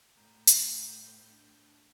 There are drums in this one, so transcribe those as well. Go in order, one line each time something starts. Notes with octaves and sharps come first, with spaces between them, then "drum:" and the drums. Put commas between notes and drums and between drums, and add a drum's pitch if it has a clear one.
A2 B3 A#5 G6
drum: hi-hat
D4